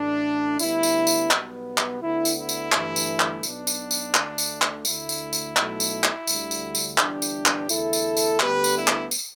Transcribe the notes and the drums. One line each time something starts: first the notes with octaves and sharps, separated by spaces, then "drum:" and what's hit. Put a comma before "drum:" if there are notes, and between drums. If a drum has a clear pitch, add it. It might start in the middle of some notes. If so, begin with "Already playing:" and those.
Already playing: A1 A2 A3 D4
D2 D3 G3 B3 E4, drum: tambourine
drum: tambourine
drum: tambourine
B1 B2 G3 B3, drum: clap
drum: clap
D2 D3 B3 E4
drum: tambourine
E4
drum: tambourine
G1 G2 E3 A3, drum: clap
drum: tambourine
drum: clap
B1 B2 B3 D4, drum: tambourine
drum: tambourine
drum: tambourine
D2 D3 A3, drum: clap
drum: tambourine
drum: clap
D2 D3 A3 E4, drum: tambourine
drum: tambourine
drum: tambourine
B1 B2 A3, drum: clap
drum: tambourine
drum: clap
D2 D3 G3, drum: tambourine
drum: tambourine
drum: tambourine
G1 G2 E3 D4 G4, drum: clap
drum: tambourine
drum: clap
E2 D3 A3 E4 A4, drum: tambourine
drum: tambourine
drum: tambourine
D2 D3 G3 B3 G4 B4, drum: clap
drum: tambourine
E4
drum: clap
drum: tambourine